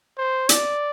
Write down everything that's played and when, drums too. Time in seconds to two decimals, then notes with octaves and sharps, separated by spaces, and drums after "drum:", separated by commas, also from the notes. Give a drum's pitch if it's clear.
0.18 C5
0.49 D5, drum: hi-hat